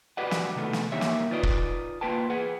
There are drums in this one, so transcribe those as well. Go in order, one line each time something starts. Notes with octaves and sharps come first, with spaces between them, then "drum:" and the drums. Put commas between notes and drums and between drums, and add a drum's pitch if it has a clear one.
F#4 G4 B4 D5 D#5 F#5
drum: snare
C3 D#3 A3 B3
drum: snare
D#2 A#3 D#4 G4 C#5 E5
drum: snare
D#4 F4 B4 D5 D#5
drum: kick
A#3 F4 B4 G5 A5
G#4 B4 F#5